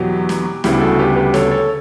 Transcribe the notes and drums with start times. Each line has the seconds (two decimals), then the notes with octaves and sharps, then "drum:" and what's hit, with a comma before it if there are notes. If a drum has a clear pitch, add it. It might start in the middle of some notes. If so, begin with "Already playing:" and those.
Already playing: E2 B2 F#3 B3 G4 B4
0.29 drum: snare
0.64 D2 C#3 G3 B3 E4 G4, drum: snare
0.81 F#4 A4
0.99 G4 B4
1.16 G4 B4
1.34 A4 C#5, drum: snare
1.51 A4 C#5